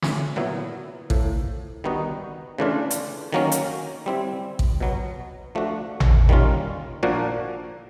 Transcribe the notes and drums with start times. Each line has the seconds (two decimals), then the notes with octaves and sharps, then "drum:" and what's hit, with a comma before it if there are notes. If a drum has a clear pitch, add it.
0.02 drum: snare
0.36 A#2 F#3 B3 E4
1.10 A2 F3 A#3, drum: kick A1
1.84 D#3 G3 B3 D#4 F#4
2.58 C#3 E3 A3 D4 F4
2.90 drum: hi-hat
3.33 D#3 F#3 A#3 C#4
3.52 drum: hi-hat
4.06 G3 C4 E4
4.59 drum: kick A1
4.80 B2 F#3 B3
5.55 F3 A3 D4 F#4
6.00 drum: tom A1
6.29 D#3 G3 A#3 C#4 F4
7.03 A#2 F3 A#3 D4 F#4